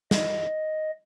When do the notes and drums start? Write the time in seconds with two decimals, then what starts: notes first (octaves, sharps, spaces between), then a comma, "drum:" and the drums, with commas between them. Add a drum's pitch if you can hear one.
0.11 D#5, drum: snare